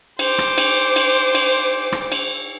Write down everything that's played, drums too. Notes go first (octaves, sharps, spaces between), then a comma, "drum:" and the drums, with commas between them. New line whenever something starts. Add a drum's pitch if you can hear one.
C5 D6, drum: cymbal
drum: rim click
drum: cymbal
drum: cymbal
drum: cymbal
drum: rim click
drum: cymbal